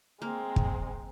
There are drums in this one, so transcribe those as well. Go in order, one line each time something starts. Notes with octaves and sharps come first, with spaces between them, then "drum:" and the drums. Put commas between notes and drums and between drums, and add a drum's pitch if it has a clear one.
G#3 A#3 C4
drum: kick